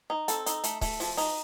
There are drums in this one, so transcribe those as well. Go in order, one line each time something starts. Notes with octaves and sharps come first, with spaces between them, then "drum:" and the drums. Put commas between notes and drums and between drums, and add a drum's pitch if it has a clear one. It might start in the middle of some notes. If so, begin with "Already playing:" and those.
D#4
C4 A4, drum: hi-hat
D#4, drum: hi-hat
A3, drum: hi-hat
A3, drum: kick C#1, open hi-hat
F3, drum: open hi-hat
D#4, drum: open hi-hat